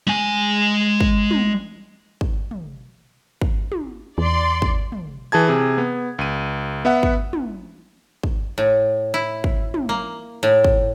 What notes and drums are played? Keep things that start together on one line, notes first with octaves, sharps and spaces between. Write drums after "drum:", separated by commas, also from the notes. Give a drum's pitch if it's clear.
G#3 G#5
drum: kick
drum: tom
drum: kick
drum: tom
drum: kick
drum: tom
E2 D5 C6
drum: kick
drum: tom
E3 G#4 A5 G#6
C3 G#4
B3
C#2 D#7
B3 E5 F#5
drum: kick
drum: tom
drum: kick
A2
E4
drum: kick
drum: tom
A#3
A2
drum: kick